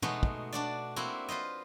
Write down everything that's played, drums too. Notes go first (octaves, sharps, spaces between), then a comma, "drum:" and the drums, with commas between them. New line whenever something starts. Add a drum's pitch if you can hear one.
B2 G#3 A3 B3 D#4 F#4, drum: tom
drum: kick
D4 F#4 D5
A#3 C4 E4 F#4
F4 B4 C5 D#5